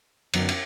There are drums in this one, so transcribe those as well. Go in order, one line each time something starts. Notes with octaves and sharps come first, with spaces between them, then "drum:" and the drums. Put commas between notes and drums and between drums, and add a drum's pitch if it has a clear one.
F#2 D3 F#3 B3 D#4, drum: cymbal
drum: cymbal